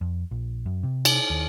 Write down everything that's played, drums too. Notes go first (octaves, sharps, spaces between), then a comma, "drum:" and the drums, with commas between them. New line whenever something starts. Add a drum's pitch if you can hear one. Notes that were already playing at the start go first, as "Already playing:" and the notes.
F2
A#1
F#2
C3
drum: cymbal
D#2